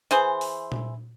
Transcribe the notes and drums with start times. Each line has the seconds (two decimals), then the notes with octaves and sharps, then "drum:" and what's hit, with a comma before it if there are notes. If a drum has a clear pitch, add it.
0.11 E3 G#4 C5, drum: hi-hat
0.41 drum: open hi-hat
0.72 drum: tom A#2